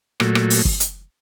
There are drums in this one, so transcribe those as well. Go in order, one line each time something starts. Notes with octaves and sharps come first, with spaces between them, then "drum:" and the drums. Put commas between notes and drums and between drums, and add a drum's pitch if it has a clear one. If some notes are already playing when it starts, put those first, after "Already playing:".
A#2 F#3 A3, drum: rim click
drum: rim click
drum: open hi-hat
drum: kick
drum: hi-hat